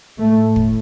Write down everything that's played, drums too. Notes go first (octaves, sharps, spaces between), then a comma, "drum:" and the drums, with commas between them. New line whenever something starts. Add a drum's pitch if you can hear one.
A2 A3
drum: kick